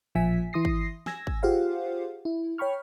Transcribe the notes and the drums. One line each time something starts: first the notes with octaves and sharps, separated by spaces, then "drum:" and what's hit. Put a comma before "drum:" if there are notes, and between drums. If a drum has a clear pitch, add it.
A1 A#2 F3 E5 G#5 B6
E3 E4 C6 D#6 A#6 C7
drum: kick
G#5 E6 G#6 A#6, drum: snare
drum: kick
F4 G4 G#4 C5 F5 F#5
E4
C#5 G5 B5 C#6 F6